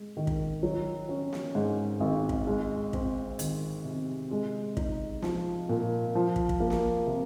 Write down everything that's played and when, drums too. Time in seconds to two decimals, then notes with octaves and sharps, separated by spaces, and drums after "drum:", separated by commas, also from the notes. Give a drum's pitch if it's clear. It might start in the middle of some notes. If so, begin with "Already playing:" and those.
Already playing: G#3
0.17 D#3
0.27 drum: kick
0.63 F#3
1.09 C#4
1.33 drum: snare
1.55 G#2
2.00 G#1
2.29 drum: kick
2.47 G#3
2.93 C4, drum: kick
3.39 D#3, drum: hi-hat
3.85 C3
4.31 G#3
4.77 D#4, drum: kick
5.22 F3, drum: snare
5.69 A#2
6.15 F3
6.36 drum: kick
6.49 drum: kick
6.60 A#3
6.70 drum: snare
7.07 C3